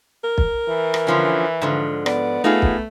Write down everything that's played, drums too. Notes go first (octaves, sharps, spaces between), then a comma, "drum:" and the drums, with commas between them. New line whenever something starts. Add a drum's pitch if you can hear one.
A#4
drum: kick
E3
drum: rim click
D3 F3 C#4
G#2 D3 F3
B3 D5, drum: rim click
A3 D#4 F4 G#4
drum: kick